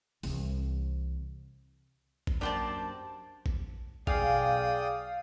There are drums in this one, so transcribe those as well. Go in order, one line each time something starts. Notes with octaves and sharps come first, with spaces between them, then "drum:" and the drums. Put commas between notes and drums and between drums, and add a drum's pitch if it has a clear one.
C2 E3, drum: open hi-hat
drum: kick
F#2 A#3 D4 G4 C5 D5 A5
drum: kick
B1 G#4 D5 F5 G5 D#6, drum: kick